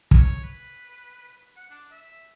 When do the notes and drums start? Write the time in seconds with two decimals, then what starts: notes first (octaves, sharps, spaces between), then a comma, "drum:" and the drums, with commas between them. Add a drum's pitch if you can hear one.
0.11 C#5, drum: kick
0.43 B4
1.56 F#5
1.70 D4
1.91 E5